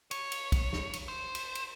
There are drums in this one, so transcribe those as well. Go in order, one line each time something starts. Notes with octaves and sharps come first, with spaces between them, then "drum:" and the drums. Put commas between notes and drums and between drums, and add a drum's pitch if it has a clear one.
C#5, drum: cymbal
drum: cymbal
drum: kick, cymbal
drum: snare
drum: cymbal
C5
drum: cymbal
drum: cymbal